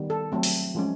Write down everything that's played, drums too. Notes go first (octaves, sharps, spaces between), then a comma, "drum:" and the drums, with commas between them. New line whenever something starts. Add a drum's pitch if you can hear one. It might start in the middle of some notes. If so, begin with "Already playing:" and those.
Already playing: D#3 G3 B3
A4
F#3 A3 C4
drum: open hi-hat
F3 G#3 C#4